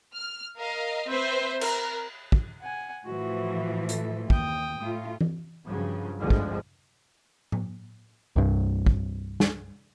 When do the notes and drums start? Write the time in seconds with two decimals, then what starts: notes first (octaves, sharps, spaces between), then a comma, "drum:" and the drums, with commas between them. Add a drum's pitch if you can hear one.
0.15 F6
0.57 A#4 D#5 F5
1.09 C4 B4 C5 E5
1.61 A#4, drum: cymbal
2.32 drum: kick
2.61 F#5 G#5
3.06 A2 E3 F3 F#4
3.89 A4, drum: hi-hat
4.30 D#2 G5 D#6, drum: kick
4.79 A2 A3 F4
5.21 drum: tom E3
5.67 G2 C#3 F3 F#3
6.20 G#1 D2 G2 D3 F3 G#3
6.30 drum: kick
7.52 drum: tom A2
8.36 C2 G2
8.86 drum: kick
9.40 drum: snare